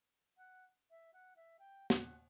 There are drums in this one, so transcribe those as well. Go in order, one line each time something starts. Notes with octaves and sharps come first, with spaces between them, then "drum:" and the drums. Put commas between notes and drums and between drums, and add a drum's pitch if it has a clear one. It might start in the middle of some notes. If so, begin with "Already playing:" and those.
F#5
E5
F#5
E5
G5
F#5, drum: snare